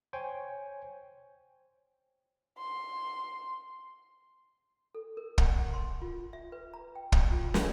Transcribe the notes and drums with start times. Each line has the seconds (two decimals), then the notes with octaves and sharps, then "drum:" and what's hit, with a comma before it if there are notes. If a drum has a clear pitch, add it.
0.13 C5 C#5 G5 G#5
2.58 C6
4.95 A4
5.17 A#4
5.38 F#5, drum: kick
5.74 C6
6.02 F4
6.33 E5
6.52 B4
6.74 A#5
6.95 G5
7.12 drum: kick
7.32 F4
7.54 G#4, drum: snare